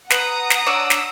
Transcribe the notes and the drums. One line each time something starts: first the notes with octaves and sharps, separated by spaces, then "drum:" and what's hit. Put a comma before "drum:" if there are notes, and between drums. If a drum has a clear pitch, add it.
B4 F#5 A#5 D#6, drum: snare
drum: snare
D4 C#5 D5 E6
drum: snare